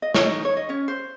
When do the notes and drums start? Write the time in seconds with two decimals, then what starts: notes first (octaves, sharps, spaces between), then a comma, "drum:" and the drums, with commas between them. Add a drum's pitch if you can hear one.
0.02 D#5
0.14 C#5, drum: snare
0.25 D#4 D#5
0.45 C#5
0.57 D#5
0.69 C#4 C#5
0.88 C5